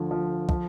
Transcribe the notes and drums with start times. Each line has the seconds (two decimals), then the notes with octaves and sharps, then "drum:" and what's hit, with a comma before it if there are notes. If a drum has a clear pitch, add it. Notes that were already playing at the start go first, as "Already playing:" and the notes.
Already playing: D2 D3 F3
0.11 F3
0.49 F3, drum: kick